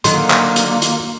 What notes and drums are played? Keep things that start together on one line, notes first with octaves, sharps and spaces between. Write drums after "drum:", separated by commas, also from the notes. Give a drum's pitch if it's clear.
D3 D#3 F#3 A#3 C6, drum: hi-hat
drum: clap
drum: hi-hat
drum: hi-hat